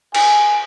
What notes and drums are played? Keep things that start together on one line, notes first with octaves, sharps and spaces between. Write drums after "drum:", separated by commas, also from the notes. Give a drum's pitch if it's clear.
G#5, drum: cymbal